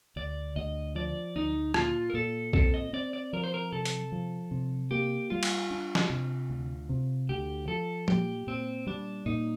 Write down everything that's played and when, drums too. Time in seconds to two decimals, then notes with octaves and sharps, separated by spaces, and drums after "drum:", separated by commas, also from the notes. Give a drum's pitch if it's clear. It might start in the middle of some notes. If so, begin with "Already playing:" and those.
0.16 D2 D5
0.56 D2 D#5
0.95 F3 D5
1.36 D2 D#4
1.74 A#2 F4, drum: rim click
2.10 A#4
2.14 A#2 A4
2.53 C4 A4, drum: kick B1
2.74 D#5
2.93 C4 D5
3.13 D5
3.33 F3 A#4
3.44 C5
3.54 A#4
3.72 C3 A4
3.85 drum: hi-hat
4.12 F3
4.51 C3
4.91 A#3 G4
5.30 G3 F4
5.43 drum: cymbal
5.71 D4
5.95 drum: snare
6.10 C3
6.50 D2
6.89 C3
7.29 D2 G4
7.68 F3 A4
8.08 A#2 G4, drum: tom F3
8.47 A#2 C4
8.87 G3 D4
9.26 A#2 D#4